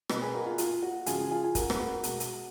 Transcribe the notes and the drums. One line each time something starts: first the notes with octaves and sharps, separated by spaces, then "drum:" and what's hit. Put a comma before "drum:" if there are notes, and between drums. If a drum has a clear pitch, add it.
B2 A#3 B4 D#5, drum: rim click
G#4 B4
F#4 A#4
F4 G#4
F4, drum: hi-hat
F#4
C#3 F3 G#3 F4 G#4, drum: hi-hat
F4 G#4
G#4
F#4 A#4, drum: kick, hi-hat
B4, drum: rim click
F#4 A#4
B2 G#3, drum: hi-hat
drum: hi-hat